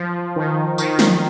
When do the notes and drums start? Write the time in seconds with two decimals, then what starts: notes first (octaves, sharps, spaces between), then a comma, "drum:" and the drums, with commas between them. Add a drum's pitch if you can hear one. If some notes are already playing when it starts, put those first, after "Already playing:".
Already playing: F3
0.36 D#3
0.78 D#3, drum: tambourine
0.99 drum: snare